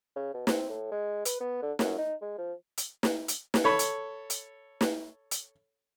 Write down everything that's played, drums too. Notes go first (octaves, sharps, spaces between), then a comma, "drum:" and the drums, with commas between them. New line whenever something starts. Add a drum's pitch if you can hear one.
C#3
B2
C4, drum: snare
A2
G#3
B4, drum: hi-hat
B3
D3
F#2, drum: snare
D#4
G#3
F3
drum: hi-hat
drum: snare
drum: hi-hat
drum: snare
A4 C#5 B5
drum: hi-hat
drum: hi-hat
drum: snare
drum: hi-hat